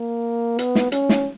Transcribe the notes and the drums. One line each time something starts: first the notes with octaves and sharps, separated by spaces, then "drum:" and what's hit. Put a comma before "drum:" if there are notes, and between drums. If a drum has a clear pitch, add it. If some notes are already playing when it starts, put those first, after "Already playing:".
Already playing: A#3
B3, drum: hi-hat
drum: snare
C#4, drum: hi-hat
drum: snare